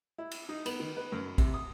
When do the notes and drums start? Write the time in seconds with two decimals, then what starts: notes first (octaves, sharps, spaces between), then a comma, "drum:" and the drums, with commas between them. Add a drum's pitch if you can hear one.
0.18 E4
0.31 drum: cymbal
0.49 D#4
0.66 B3, drum: cymbal
0.80 D#3
0.97 B4
1.12 F#2
1.38 C3, drum: kick A1, cymbal
1.54 D#6